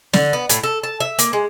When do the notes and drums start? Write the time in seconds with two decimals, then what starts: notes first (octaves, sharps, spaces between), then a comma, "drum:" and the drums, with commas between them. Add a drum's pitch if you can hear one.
0.14 D3, drum: snare
0.33 B3
0.49 A2, drum: hi-hat
0.63 A4
0.83 A5
1.00 E5
1.19 A#3, drum: hi-hat
1.33 G#3